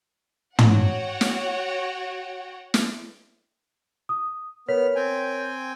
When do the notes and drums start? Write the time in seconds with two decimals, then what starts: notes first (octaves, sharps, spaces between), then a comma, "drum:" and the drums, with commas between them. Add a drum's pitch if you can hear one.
0.59 F#4 C#5 F#5 G5, drum: tom
1.21 drum: snare
2.74 drum: snare
4.09 D#6
4.68 B3 A#4 C#5 F6 B6
4.96 C4 G5 G#5